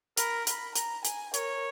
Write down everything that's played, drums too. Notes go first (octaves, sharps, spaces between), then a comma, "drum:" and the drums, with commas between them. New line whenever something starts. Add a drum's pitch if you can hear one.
A#4 B5, drum: hi-hat
B5, drum: hi-hat
A#5, drum: hi-hat
G#5, drum: hi-hat
A#4 C#5, drum: hi-hat